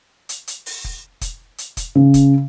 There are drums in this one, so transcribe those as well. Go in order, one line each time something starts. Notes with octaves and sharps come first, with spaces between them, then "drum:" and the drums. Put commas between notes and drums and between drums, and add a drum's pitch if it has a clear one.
drum: hi-hat
drum: hi-hat
drum: open hi-hat
drum: kick
drum: kick, hi-hat
drum: hi-hat
drum: kick, hi-hat
C#3
drum: kick, hi-hat